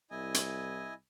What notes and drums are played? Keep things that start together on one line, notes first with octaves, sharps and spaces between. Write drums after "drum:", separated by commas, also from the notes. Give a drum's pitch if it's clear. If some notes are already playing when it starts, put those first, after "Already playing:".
C2 E4 D#5 G#5
drum: hi-hat